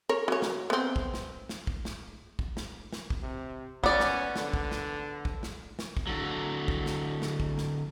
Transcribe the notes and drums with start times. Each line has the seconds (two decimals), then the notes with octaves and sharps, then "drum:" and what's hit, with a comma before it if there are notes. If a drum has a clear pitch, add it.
0.09 A#4 C#5
0.28 F#3 C#5
0.42 drum: snare
0.70 B3 C4
0.96 drum: kick
1.14 drum: snare
1.49 drum: snare
1.67 drum: kick
1.85 drum: snare
2.39 drum: kick
2.57 drum: snare
2.93 drum: snare
3.10 drum: kick
3.22 C3
3.84 B3 C#4 D5, drum: kick
4.00 drum: snare
4.36 D3, drum: snare
4.54 drum: kick
4.71 drum: snare
5.25 drum: kick
5.43 drum: snare
5.79 drum: snare
5.97 drum: kick
6.07 D3 F#3
6.68 drum: kick
6.86 drum: snare
7.22 drum: snare
7.40 drum: kick
7.58 drum: snare